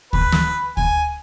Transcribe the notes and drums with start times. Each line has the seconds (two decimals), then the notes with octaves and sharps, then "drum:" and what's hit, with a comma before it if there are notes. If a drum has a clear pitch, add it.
0.13 B4, drum: kick D2
0.32 drum: snare
0.77 G#5, drum: kick D2